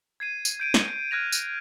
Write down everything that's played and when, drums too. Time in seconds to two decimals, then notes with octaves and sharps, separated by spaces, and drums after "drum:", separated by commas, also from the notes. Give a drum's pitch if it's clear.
0.20 G#6 C7 D#7
0.45 drum: tambourine
0.60 G6 D7 D#7
0.74 drum: snare
1.11 F6 F#6 G#6 A#6 F7
1.32 drum: tambourine